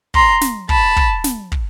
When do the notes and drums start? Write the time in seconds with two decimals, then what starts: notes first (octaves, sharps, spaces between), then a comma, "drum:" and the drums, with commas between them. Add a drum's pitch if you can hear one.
0.14 A#5 C6, drum: kick
0.41 drum: snare
0.69 A5 B5, drum: kick
0.97 drum: kick
1.24 drum: snare
1.52 drum: kick